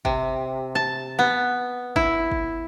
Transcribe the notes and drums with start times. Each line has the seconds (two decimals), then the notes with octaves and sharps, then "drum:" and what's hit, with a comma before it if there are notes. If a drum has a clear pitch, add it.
0.05 C3, drum: kick
0.75 A5
1.19 B3
1.96 E4, drum: kick
2.31 drum: kick